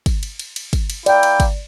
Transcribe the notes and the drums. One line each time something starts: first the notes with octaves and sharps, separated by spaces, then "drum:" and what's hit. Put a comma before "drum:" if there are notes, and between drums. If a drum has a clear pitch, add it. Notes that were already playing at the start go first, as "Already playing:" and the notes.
drum: kick, cymbal
drum: cymbal
drum: cymbal
drum: cymbal
drum: kick, cymbal
drum: cymbal
A#3 E4 D5 G5, drum: cymbal
drum: cymbal
drum: kick, cymbal